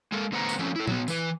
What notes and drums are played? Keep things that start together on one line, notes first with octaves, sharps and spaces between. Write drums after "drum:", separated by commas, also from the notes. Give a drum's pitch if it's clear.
G#3 A#3 A4
D3 A3 B3 C5 F#5 A#5
drum: tambourine
F3 A3 C4 C#4
E4 A4
F#3 B3, drum: tom A#2
E3 B4, drum: tambourine